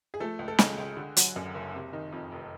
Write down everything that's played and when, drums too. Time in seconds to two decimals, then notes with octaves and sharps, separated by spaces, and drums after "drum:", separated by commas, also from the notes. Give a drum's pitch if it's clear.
0.14 G#4
0.20 F3 A3 A4
0.39 C#2
0.48 A4
0.59 C#3 G#3 G#4, drum: snare
0.78 C#2
0.97 D3
1.17 F#3, drum: hi-hat
1.36 F#2
1.55 F#1
1.74 C3
1.93 D#3
2.12 F2
2.32 F1